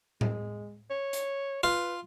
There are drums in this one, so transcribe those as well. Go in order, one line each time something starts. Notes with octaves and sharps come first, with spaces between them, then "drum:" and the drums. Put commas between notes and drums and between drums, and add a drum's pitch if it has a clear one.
G#3, drum: tom A2
C#5
drum: hi-hat
F4 B4